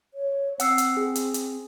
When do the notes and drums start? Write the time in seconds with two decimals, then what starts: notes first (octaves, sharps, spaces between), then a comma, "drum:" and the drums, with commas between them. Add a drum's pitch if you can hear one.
0.14 C#5
0.60 C4 F#5 E6 C7, drum: hi-hat
0.78 drum: hi-hat
0.97 G#4
1.16 drum: hi-hat
1.34 drum: hi-hat